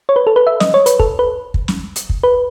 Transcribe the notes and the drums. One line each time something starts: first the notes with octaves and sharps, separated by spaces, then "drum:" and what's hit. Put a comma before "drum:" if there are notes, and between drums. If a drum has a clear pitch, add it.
C#5
B4
A4
B4
E5
D#5, drum: snare
C#5
B4, drum: hi-hat
A4, drum: kick
B4
drum: kick
drum: snare
drum: hi-hat
drum: kick
B4